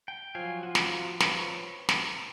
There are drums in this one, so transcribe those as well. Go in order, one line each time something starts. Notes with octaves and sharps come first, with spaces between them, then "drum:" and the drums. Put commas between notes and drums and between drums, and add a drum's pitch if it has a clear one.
G5
F3 F#3 F5 G#5
F4 F#4
drum: snare
B4 C#5, drum: snare
drum: snare